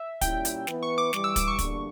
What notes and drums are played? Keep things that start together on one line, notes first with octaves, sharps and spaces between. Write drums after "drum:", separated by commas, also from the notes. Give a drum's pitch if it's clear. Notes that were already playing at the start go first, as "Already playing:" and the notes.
Already playing: E5
A#2 G3 C#4 E4 G5, drum: kick, hi-hat
drum: hi-hat
E3 B3 E4 B4, drum: snare
C#6
D6
G2 E3 G3 D6, drum: snare
E6
D6, drum: kick, hi-hat
C#6
E2 D3 G3 A#3 D4, drum: kick, hi-hat